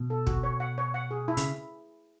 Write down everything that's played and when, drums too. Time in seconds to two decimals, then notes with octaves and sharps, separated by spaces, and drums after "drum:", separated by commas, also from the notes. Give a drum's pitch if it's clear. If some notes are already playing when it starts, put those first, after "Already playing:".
Already playing: B2
0.10 A4
0.27 F#4, drum: kick
0.43 C#5
0.60 F#5
0.78 C#5
0.94 F#5
1.11 G#4
1.28 E4
1.37 C#3, drum: hi-hat